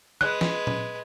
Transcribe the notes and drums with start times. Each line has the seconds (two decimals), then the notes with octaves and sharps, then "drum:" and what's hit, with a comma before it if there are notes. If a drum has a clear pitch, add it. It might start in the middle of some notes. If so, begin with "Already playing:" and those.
0.21 G#3 B4 F#6
0.41 drum: snare
0.67 drum: tom A#2